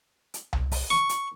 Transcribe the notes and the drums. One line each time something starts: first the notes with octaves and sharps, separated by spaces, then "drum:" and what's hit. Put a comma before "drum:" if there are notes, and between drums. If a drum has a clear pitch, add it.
drum: hi-hat
drum: tom C2
drum: kick, open hi-hat
C#6
drum: hi-hat